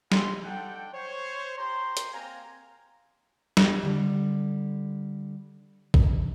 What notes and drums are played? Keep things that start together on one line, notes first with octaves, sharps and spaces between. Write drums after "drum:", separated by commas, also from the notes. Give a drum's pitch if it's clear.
C4 D4 F4 B4 G#5 C6, drum: snare
D4 D#4 A4 F#5 G5
C5 C#5
G4 C5 A#5 C6
drum: hi-hat
A#3 C4 F5 G#5 A#5
drum: snare
D3 G3
drum: kick A1